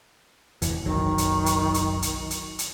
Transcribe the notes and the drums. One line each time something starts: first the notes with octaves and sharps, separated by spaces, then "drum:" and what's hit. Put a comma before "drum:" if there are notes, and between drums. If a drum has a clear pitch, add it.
F1 D#2 E3, drum: hi-hat
F#1 B1 D#3 F#3
drum: hi-hat
drum: hi-hat
drum: hi-hat
drum: hi-hat
drum: hi-hat
drum: hi-hat